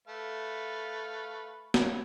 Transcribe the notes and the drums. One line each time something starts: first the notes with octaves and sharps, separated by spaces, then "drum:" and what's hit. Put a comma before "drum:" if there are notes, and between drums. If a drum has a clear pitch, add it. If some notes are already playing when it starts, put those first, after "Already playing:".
A3 B4 F5
drum: snare